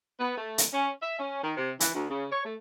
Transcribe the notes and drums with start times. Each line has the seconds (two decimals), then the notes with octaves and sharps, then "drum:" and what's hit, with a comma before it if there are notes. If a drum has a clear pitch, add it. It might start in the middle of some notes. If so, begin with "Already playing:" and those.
0.20 B3
0.38 A3
0.58 drum: hi-hat
0.73 C#4
1.02 E5
1.19 C#4
1.44 D#3
1.57 C3
1.80 E3, drum: hi-hat
1.95 D2
2.10 C#3
2.32 C#5
2.45 A3